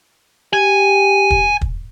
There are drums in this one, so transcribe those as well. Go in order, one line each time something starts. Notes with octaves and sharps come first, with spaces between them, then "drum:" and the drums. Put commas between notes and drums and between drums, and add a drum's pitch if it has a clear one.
G4 G#5
drum: kick
drum: kick